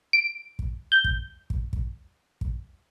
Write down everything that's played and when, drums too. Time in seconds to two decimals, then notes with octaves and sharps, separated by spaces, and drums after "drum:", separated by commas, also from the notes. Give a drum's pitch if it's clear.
0.13 D7
0.59 drum: kick
0.92 G6
1.04 drum: kick
1.50 drum: kick
1.73 drum: kick
2.41 drum: kick